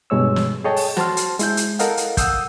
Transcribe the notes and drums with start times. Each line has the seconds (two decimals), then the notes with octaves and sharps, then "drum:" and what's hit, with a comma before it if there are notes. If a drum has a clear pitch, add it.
0.10 G2 B2 G#3 C#5 E6
0.36 drum: snare
0.64 G#4 A4 C#5 D#5 G5 A5
0.76 drum: open hi-hat
0.97 F#4 C5 A5 C6 F6, drum: snare
1.17 drum: hi-hat
1.39 G#3 E4 G6, drum: hi-hat
1.57 drum: hi-hat
1.79 A4 A#4 D#5 F5 F#5, drum: hi-hat
1.97 drum: hi-hat
2.17 F#5 D#6 E6 G6, drum: kick, hi-hat